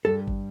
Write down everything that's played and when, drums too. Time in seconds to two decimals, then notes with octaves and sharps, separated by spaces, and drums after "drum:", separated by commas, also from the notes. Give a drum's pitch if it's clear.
0.05 G2 A4
0.28 drum: kick G#1